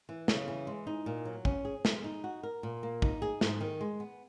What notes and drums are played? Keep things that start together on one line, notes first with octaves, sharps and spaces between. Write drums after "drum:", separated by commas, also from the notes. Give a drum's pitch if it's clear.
E3
C#3, drum: snare
E3
G#3
D#4
A#2
F#3
C#4, drum: kick
G#4
G#3, drum: snare
D#4
F#4
A#4
A#2
A#3
D#4, drum: kick
G#4
G#2, drum: snare
D#3
G#3
B3